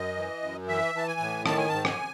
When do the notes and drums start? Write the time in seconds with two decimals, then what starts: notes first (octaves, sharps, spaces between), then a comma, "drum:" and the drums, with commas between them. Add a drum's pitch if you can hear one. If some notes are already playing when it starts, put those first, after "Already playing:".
Already playing: F#2 D#5
0.17 E3
0.42 F#2
0.68 E3 E5
0.95 E3 A5
1.08 G#5
1.20 A2
1.46 D#3 A5, drum: rim click
1.58 G#5
1.69 G#2 A5
1.85 G#5, drum: rim click